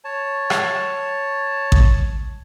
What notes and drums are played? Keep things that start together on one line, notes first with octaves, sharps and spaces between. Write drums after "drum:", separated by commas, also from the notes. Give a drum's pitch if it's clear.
C#5 A5
drum: rim click
drum: kick A1